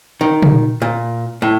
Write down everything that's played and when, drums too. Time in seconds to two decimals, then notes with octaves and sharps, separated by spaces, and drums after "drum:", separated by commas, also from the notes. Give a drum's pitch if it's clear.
0.21 D#3
0.42 drum: tom
0.82 A#2
1.42 A2